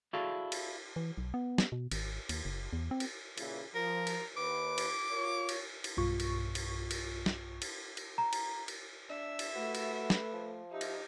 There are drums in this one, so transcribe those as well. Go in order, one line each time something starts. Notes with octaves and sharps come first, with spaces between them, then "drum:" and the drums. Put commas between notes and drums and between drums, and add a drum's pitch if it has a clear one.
E4 F#4 G#4 A4 D5 F5
drum: cymbal
E3
B1
B3
drum: snare
B2
G#1, drum: cymbal
D#2, drum: cymbal
F#1
E2
C4
drum: cymbal
A#2 C#3 E3, drum: cymbal
F3 A#4
drum: cymbal
D#2 B4 D6
drum: cymbal
F4 A#4 C#5
drum: cymbal
drum: cymbal
B1 G2 F4 C#6
drum: cymbal
drum: cymbal
drum: cymbal
drum: snare
drum: cymbal
drum: cymbal
A#5
drum: cymbal
drum: cymbal
D4 E5
drum: cymbal
A3 F#4 B4
drum: cymbal
drum: snare
F3
D#4 G4 E5
drum: cymbal